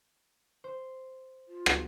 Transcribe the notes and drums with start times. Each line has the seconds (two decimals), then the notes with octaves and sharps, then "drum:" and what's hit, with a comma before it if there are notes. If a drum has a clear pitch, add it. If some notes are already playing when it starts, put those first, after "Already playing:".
0.64 C5
1.48 F4
1.66 drum: rim click